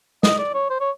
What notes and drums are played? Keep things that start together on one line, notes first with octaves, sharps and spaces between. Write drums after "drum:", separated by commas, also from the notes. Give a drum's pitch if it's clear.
D#5, drum: snare
D5
C#5
C5
C#5